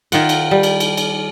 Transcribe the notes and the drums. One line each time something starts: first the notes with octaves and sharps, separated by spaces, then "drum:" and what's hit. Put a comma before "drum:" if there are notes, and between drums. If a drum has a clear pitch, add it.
D#3 F4 F#5, drum: cymbal
drum: cymbal
G3
drum: cymbal
drum: cymbal
drum: cymbal